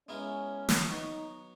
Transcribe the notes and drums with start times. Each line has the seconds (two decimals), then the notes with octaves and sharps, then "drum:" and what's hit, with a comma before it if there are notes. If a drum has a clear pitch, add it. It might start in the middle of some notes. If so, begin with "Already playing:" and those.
0.08 G#3 B3 C#4 E4 A#4
0.69 drum: snare
0.88 F#3 B3 D#4 F#4